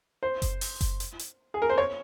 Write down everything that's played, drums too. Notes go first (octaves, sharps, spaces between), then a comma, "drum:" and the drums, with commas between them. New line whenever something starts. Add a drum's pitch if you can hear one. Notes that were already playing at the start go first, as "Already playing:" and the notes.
C5
drum: kick F#1, hi-hat
drum: open hi-hat
drum: kick F#1, hi-hat
drum: hi-hat
drum: hi-hat
G#4
A#4
C5
C#5